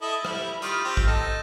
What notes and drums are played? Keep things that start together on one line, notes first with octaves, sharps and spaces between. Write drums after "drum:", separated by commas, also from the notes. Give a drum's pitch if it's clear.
E4 A4 D#5
G3 E4, drum: rim click
D#3 G3 F4, drum: hi-hat
C4 F4 G4
drum: kick A1
D#4 A4